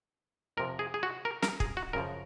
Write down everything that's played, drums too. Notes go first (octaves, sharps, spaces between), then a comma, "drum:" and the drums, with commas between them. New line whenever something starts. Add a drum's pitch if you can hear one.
F2 C3 F3 A#4
G#4
G#4
F#4
A#4
A#4, drum: snare
G#4, drum: kick
F#4
F#2 C#3 F3 A#4